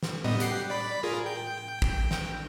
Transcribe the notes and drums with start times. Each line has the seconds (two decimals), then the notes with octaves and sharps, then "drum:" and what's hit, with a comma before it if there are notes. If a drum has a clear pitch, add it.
0.03 drum: snare
0.24 G3 B3 D#5, drum: tom A2
0.40 G4 F#5 C7, drum: hi-hat
0.70 D5 B5
1.03 F4 G#4 A#4
1.26 G5
1.82 drum: kick
2.11 drum: snare